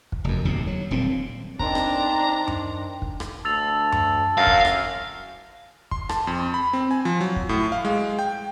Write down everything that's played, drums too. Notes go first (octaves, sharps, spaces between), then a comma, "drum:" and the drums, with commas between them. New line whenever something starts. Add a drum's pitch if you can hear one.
drum: kick
F1 F#2
D1 D#2 C3
F#3
D#1 A#2 C4
D#3 C4 D4 C5 A#5, drum: kick
drum: rim click
drum: tom F#2
drum: kick
drum: rim click
D2 A5 E6 A6 F7
drum: tom F#2
F#2 F5 F6 A6 A#6
drum: kick
drum: rim click
C6, drum: kick
A5, drum: rim click
F2
B5
C4
G#5
F3
F#3
drum: kick
A2
F5
G#3
G5